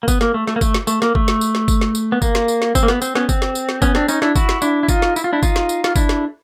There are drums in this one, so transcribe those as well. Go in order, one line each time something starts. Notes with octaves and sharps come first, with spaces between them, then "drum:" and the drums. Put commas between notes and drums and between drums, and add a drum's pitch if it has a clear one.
A#3
B3, drum: kick G1, tambourine
A#3, drum: snare
A3
A3, drum: snare
A#3
A3, drum: kick G1, tambourine
drum: snare
A3, drum: tambourine
A#3, drum: snare
A3, drum: kick G1
drum: snare
drum: tambourine
drum: snare
drum: kick G1, tambourine
drum: snare
drum: tambourine
B3
A#3, drum: kick G1, tambourine
drum: snare
drum: tambourine
drum: snare
C4, drum: kick G1, tambourine
A#3
B3, drum: snare
C4, drum: tambourine
B3 C#4, drum: snare
C4, drum: kick G1, tambourine
drum: snare
drum: tambourine
drum: snare
B3 C#4, drum: kick G1, tambourine
C4 D4, drum: snare
C#4 D#4, drum: tambourine
D4 E4, drum: snare
E4 F#4, drum: kick G1, tambourine
drum: snare
D4 E4, drum: tambourine
E4
D#4 F4, drum: kick G1, tambourine
drum: snare
E4, drum: tambourine
F4
D4 E4
D#4 F4, drum: kick G1, tambourine
drum: snare
drum: tambourine
F4, drum: snare
D4 E4, drum: kick G1, tambourine
drum: snare